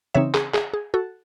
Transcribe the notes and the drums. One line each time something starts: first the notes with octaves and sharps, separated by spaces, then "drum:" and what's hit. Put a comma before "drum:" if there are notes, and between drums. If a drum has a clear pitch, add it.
C#3 E3 C4 D#4 C#5 E5
G#4, drum: clap
G#4, drum: clap
G#4
F#4 A4